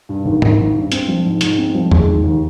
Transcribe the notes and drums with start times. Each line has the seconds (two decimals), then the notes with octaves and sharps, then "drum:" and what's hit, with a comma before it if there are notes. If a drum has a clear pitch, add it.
0.09 G2
0.25 G#1
0.42 G#1, drum: tom G#2
0.58 D#3
0.75 G2
0.92 C4, drum: hi-hat
1.08 F3
1.25 G#2
1.41 G#2, drum: hi-hat
1.58 C4
1.75 F3
1.91 G#3, drum: tom E2
2.08 D#3
2.24 D#2